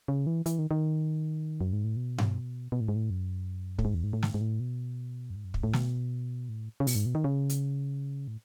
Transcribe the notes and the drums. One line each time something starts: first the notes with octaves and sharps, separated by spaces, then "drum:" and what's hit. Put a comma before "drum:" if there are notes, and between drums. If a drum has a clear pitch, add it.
C#3
E3
E3, drum: hi-hat
D#3
D#3
F#2
G#2
A2
B2
drum: tom G2
B2
A2
G#2
A2
F#2
A2, drum: kick
G#2
E2
G#2
A2
G#2, drum: snare
G#2
A2
B2
F#2
G#2
F#2
G#2, drum: kick
A2
B2, drum: snare
A2
C#3
B2, drum: open hi-hat
G#2
B2
D#3
C#3
drum: hi-hat
A2